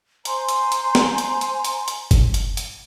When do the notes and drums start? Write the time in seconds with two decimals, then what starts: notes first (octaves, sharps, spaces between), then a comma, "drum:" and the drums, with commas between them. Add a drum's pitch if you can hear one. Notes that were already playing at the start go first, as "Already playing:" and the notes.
0.25 C5 G#5 A#5 C6, drum: hi-hat
0.49 drum: hi-hat
0.72 drum: hi-hat
0.95 drum: snare
1.18 drum: hi-hat
1.41 drum: hi-hat
1.65 drum: hi-hat
1.88 drum: hi-hat
2.11 drum: kick F#1, hi-hat
2.34 drum: hi-hat
2.57 drum: hi-hat